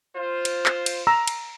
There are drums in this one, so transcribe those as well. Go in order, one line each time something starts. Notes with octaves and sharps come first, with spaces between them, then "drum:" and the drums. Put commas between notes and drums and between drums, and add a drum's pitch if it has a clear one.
F4 C5
drum: cymbal
drum: clap
drum: cymbal
A#5 E6
drum: cymbal